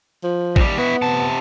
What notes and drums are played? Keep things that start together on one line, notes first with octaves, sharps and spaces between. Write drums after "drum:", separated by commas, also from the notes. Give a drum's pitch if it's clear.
F3
D#2 G3, drum: kick
B3 E4 F#4
C3 A5